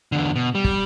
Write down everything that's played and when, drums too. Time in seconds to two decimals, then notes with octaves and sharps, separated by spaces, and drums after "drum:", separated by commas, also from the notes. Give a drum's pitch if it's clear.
0.12 E2 D3
0.35 B2
0.55 G3
0.64 drum: kick